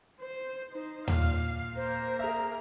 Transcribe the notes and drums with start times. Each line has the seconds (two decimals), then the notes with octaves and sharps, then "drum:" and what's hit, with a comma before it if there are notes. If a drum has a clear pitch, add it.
0.21 C5
0.71 D#4 C5
1.08 A#2 F5, drum: tom D#2
1.76 A#3 A#4 C5
2.19 G#4 E5 A#5